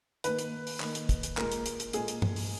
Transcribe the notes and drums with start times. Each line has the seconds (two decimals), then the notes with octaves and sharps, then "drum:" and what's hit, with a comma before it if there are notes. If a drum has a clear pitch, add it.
0.24 D#3 A#3 B4, drum: hi-hat
0.39 drum: hi-hat
0.67 drum: open hi-hat
0.80 D#3 A#3, drum: clap
0.95 drum: hi-hat
1.09 drum: kick, hi-hat
1.23 drum: hi-hat
1.37 A#2 G#3 A#4, drum: clap
1.52 drum: hi-hat
1.66 drum: hi-hat
1.80 drum: hi-hat
1.93 A#2 G#3 G#4, drum: hi-hat
2.08 drum: hi-hat
2.22 drum: tom
2.36 drum: open hi-hat